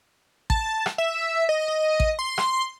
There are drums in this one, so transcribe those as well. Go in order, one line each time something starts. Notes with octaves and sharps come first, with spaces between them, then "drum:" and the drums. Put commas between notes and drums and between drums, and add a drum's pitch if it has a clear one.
A5, drum: kick A1
drum: rim click
E5
D#5
D#5
drum: kick A1
C6
drum: rim click